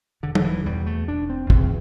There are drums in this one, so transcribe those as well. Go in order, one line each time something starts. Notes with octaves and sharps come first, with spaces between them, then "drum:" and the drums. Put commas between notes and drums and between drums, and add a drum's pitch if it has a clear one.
E1 D3
D3, drum: tom F#3
E3
E2 B2 G3
A3
E1 D4
C4
E2 B2 C4, drum: kick